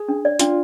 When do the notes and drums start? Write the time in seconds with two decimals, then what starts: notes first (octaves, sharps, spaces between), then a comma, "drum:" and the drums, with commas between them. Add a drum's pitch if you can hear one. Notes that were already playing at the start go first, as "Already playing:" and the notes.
Already playing: G#4
0.09 D4
0.25 D5
0.39 D4 F4, drum: hi-hat